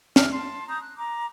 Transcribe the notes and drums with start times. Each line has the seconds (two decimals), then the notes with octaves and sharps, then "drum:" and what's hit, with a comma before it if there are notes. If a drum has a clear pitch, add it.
0.16 E4 F6, drum: snare
0.32 A5 C6
0.68 A5 A#5 D#6 G6
0.80 F#6
0.98 A#5 D6